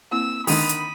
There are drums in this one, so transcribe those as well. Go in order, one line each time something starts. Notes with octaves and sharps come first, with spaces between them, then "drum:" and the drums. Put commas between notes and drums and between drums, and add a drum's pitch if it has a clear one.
A#3 C4 E4 E6
D3 D#3 B5 D#6 D#7, drum: open hi-hat
drum: hi-hat